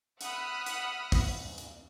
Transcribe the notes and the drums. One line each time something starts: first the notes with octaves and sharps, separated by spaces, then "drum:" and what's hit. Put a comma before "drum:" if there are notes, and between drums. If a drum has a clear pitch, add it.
E5 F#5 B5 D#6 F6, drum: hi-hat
drum: hi-hat
drum: kick, open hi-hat
drum: hi-hat